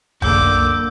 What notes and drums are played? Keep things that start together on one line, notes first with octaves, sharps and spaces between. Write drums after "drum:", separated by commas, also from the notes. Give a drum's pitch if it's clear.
F#2 D3 A#3 D6 E6 G6, drum: tom C2